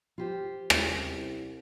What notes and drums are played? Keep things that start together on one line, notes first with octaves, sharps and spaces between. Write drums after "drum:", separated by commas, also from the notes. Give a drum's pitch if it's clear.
F4 G4 C5
C2, drum: rim click